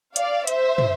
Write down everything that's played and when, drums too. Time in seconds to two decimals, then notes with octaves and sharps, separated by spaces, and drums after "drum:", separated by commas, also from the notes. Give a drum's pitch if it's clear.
0.16 D5 F5, drum: hi-hat
0.47 C5 E5, drum: hi-hat
0.78 drum: tom